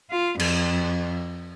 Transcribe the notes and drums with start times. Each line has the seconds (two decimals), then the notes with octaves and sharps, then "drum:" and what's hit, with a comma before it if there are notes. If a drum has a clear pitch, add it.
0.11 F4
0.40 F2, drum: cymbal